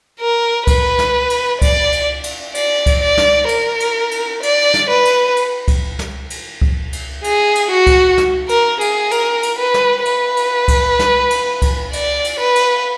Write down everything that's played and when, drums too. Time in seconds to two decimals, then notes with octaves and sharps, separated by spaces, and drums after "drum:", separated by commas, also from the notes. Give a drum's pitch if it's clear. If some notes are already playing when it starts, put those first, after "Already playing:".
0.20 A#4
0.67 B4, drum: kick C#2, cymbal
0.99 drum: snare
1.30 drum: cymbal
1.62 D5, drum: kick C#2, cymbal
1.92 drum: cymbal
2.24 drum: cymbal
2.55 D5, drum: cymbal
2.86 drum: kick C#2, cymbal
3.02 D5
3.18 drum: snare
3.49 A#4, drum: cymbal
3.80 drum: cymbal
4.11 drum: cymbal
4.43 D5, drum: cymbal
4.74 drum: snare
4.90 B4
5.05 drum: cymbal
5.36 drum: cymbal
5.68 drum: kick C#2, cymbal
5.99 drum: snare
6.30 drum: cymbal
6.62 drum: kick C#2
6.93 drum: cymbal
7.24 G#4, drum: cymbal
7.55 drum: cymbal
7.71 F#4
7.87 drum: kick C#2, cymbal
8.18 drum: snare
8.49 A#4, drum: cymbal
8.81 G#4, drum: cymbal
9.11 A#4, drum: cymbal
9.43 drum: cymbal
9.58 B4
9.74 drum: snare
10.05 B4, drum: cymbal
10.37 drum: cymbal
10.68 drum: kick C#2, cymbal
10.99 drum: snare
11.31 drum: cymbal
11.62 drum: kick C#2, cymbal
11.93 D5, drum: cymbal
12.24 drum: cymbal
12.40 B4
12.56 drum: cymbal